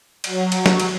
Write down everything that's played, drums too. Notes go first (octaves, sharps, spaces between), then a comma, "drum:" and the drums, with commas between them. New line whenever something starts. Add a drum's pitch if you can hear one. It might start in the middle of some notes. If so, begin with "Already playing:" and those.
F#3, drum: cymbal
drum: cymbal
drum: snare
drum: cymbal